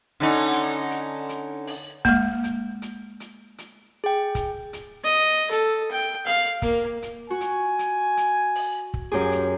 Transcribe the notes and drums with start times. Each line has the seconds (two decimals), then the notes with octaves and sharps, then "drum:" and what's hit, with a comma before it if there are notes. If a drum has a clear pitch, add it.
0.20 D3 C#4 D#4
0.53 drum: hi-hat
0.91 drum: hi-hat
1.29 drum: hi-hat
1.67 drum: open hi-hat
2.05 G#3 A#3, drum: kick, hi-hat
2.44 drum: hi-hat
2.82 drum: hi-hat
3.20 drum: hi-hat
3.58 drum: hi-hat
4.04 G#4 G5
4.35 drum: kick, hi-hat
4.73 drum: hi-hat
5.04 D#5
5.51 A4, drum: hi-hat
5.91 G5
6.26 F5, drum: open hi-hat
6.62 A#3, drum: kick, hi-hat
7.02 drum: hi-hat
7.30 F#4 G#5
7.41 drum: hi-hat
7.79 drum: hi-hat
8.17 drum: hi-hat
8.55 drum: open hi-hat
8.94 drum: kick
9.12 F#2 G4 G#4
9.32 drum: hi-hat